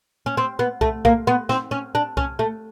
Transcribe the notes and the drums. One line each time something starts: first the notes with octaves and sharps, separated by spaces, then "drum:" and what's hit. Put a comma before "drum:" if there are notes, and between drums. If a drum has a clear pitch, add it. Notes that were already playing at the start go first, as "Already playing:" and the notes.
C#4
C4
B3
A3, drum: kick C2
A#3, drum: kick C2
B3
C4, drum: snare
C#4
D4
C#4, drum: kick C2
A3